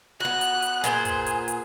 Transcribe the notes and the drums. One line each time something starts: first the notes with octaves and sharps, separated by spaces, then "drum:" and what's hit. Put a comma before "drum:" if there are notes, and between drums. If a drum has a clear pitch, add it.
B3 F#4 F#6
drum: hi-hat
drum: hi-hat
A#2 B3 G#4 C5, drum: hi-hat
drum: kick, hi-hat
drum: hi-hat
drum: hi-hat